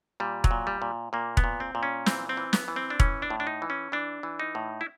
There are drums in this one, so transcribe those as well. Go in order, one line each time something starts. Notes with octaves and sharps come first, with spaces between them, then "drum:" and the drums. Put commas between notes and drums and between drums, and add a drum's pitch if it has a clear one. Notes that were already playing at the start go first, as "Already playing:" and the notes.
A#2 G3
F#3, drum: kick E1
A#2
G3
A#2
A#2 A#3
B3, drum: kick E1
A#2
C4
A#2
C#4
E3 C4, drum: snare
C4
E3
B3, drum: snare
E3
C4
D4
E3 C#4, drum: kick E1
D4
A2
D4
D#4
E3
C#4
E3 D4
E3
D#4
A2
E4